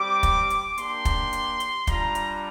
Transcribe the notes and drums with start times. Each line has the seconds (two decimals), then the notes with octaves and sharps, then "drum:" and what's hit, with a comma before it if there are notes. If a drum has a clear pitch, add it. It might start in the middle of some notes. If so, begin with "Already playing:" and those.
Already playing: G3 C4 G4 D6
0.23 drum: kick, hi-hat
0.50 drum: hi-hat
0.78 A#3 D4 G4 C6, drum: hi-hat
1.05 drum: kick, hi-hat
1.33 drum: hi-hat
1.60 drum: hi-hat
1.87 G3 D4 F4 A#5, drum: kick, hi-hat
2.15 drum: hi-hat